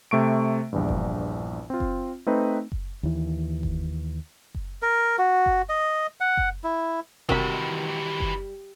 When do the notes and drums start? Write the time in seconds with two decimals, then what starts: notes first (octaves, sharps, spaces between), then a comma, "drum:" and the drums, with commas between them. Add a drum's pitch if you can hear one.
0.11 C3 A3 C#6 D7
0.73 A#1 E2 G2
0.89 drum: kick F#1
1.70 C4 F4
1.80 drum: kick F#1
2.26 A3 C4 D#4 B4
2.72 drum: kick F#1
3.03 D#2 E3
3.63 drum: kick F#1
4.55 drum: kick F#1
4.82 A#4
5.19 F#4
5.46 drum: kick F#1
5.69 D#5
6.21 F#5
6.37 drum: kick F#1
6.64 E4
7.29 C3 D#3 E3 G3 F#4 A#4 B5, drum: kick F#1
8.20 drum: kick F#1